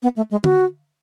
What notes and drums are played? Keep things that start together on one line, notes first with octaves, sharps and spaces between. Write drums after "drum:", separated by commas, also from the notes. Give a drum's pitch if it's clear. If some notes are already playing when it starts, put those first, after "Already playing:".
B3
A3
G#3
F#4, drum: tom